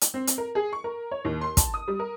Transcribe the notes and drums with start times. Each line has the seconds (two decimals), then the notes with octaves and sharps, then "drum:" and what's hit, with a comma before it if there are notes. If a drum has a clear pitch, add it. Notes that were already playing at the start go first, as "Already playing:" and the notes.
0.01 drum: hi-hat
0.14 C4
0.27 drum: hi-hat
0.38 A#4
0.55 G#4
0.73 C#6
0.84 A#4
1.11 C#5
1.25 D#2
1.41 C6
1.57 A5, drum: kick, hi-hat
1.74 D#6
1.88 G3
1.99 A#4